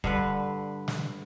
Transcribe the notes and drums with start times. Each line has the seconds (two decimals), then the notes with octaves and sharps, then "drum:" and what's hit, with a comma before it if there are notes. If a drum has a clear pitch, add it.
0.04 G2 D3 B4, drum: kick
0.88 drum: snare